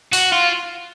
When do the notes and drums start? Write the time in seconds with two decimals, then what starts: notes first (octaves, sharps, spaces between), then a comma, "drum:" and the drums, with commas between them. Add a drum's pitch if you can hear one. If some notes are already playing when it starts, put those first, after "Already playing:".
0.13 F#4, drum: open hi-hat
0.32 F4